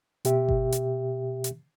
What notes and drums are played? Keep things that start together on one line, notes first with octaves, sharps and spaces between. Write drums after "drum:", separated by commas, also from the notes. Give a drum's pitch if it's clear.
B2 G4 E5, drum: hi-hat
drum: kick G1
drum: hi-hat
drum: hi-hat